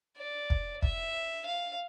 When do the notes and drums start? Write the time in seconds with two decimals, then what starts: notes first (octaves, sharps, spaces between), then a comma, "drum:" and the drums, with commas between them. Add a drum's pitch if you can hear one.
0.18 D5
0.50 drum: kick
0.82 E5, drum: kick
1.46 F5